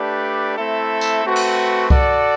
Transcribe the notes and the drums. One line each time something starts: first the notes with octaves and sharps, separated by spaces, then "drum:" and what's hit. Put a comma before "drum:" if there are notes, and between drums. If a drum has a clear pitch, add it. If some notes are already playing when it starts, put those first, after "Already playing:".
Already playing: A3 D4 G4 B4 D5
A3 C4 E4 A4 E5
drum: tambourine
A3 C4 F#4 B4
drum: cymbal
F#4 A4 D5, drum: kick C2